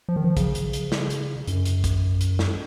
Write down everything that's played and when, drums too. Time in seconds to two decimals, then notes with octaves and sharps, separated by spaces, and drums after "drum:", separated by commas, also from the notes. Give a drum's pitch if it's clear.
0.09 F3
0.16 D#3
0.24 F3
0.37 C#3, drum: kick, hi-hat
0.55 drum: hi-hat
0.73 drum: hi-hat
0.92 drum: snare
1.10 drum: hi-hat
1.48 F#2, drum: hi-hat
1.65 drum: hi-hat
1.84 drum: kick, hi-hat
2.21 drum: hi-hat
2.39 drum: snare